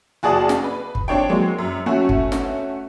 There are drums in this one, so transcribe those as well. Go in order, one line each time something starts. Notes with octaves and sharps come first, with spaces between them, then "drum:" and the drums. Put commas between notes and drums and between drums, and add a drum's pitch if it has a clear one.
F#1 F#4 G#4 D5 A5 D#6
drum: snare
B4
drum: kick
C4 D4 C#5 G5
F#3 G#3 A#3
F#2
A3 C#4 F#4
drum: kick
drum: snare